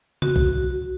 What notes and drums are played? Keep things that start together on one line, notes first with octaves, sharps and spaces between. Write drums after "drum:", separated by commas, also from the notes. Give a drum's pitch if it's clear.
F#4, drum: tom C#3
drum: kick B1